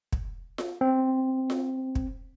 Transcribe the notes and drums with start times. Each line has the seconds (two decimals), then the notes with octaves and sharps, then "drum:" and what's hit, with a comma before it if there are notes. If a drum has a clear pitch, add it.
0.13 drum: kick
0.58 drum: snare F4
0.81 C4
1.50 drum: snare F4
1.95 drum: kick